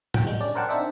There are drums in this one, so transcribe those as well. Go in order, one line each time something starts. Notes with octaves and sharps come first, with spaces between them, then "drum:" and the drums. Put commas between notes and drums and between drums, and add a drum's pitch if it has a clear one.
F#4 G5, drum: tom A2
G3 G#3
C#4 D4 D5
A#4 C5 D5 F#5 G5 A5
C4 D4 D#4 E5